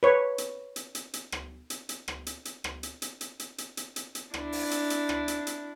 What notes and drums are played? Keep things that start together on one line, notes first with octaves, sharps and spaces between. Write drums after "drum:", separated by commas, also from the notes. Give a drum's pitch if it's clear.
B4 C#5
drum: hi-hat
drum: hi-hat
drum: hi-hat
drum: hi-hat
drum: rim click
drum: hi-hat
drum: hi-hat
drum: rim click
drum: hi-hat
drum: hi-hat
drum: rim click
drum: hi-hat
drum: hi-hat
drum: hi-hat
drum: hi-hat
drum: hi-hat
drum: hi-hat
drum: hi-hat
drum: hi-hat
D4 E4, drum: rim click
drum: open hi-hat
drum: hi-hat
drum: hi-hat
drum: rim click
drum: hi-hat
drum: hi-hat